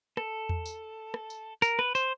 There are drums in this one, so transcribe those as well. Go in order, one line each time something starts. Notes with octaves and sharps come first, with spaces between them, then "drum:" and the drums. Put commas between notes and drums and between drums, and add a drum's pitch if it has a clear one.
A4, drum: rim click
drum: tom E2
drum: tambourine
drum: rim click
drum: tambourine
A#4, drum: tambourine
B4, drum: rim click
C5, drum: tambourine